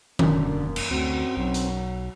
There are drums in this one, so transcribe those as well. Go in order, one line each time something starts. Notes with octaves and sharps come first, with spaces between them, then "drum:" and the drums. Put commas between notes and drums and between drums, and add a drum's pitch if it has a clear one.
E1 F#2 D3 A#3, drum: tom D#3
drum: cymbal
D2 C4 F#4
B1 F#3
drum: hi-hat